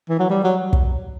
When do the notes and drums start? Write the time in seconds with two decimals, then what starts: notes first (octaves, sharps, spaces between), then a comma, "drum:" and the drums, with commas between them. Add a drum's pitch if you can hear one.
0.09 E3
0.19 F#3
0.30 G3
0.44 F#3
0.73 drum: kick